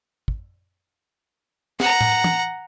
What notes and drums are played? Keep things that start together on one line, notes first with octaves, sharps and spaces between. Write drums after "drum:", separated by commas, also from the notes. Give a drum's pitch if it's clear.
drum: kick
F#5 A#5, drum: snare
drum: tom A2
drum: tom